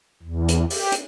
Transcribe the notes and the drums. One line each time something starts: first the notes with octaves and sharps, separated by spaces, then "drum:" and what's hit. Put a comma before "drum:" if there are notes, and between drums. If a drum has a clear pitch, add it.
E2
drum: hi-hat
G4, drum: open hi-hat
drum: hi-hat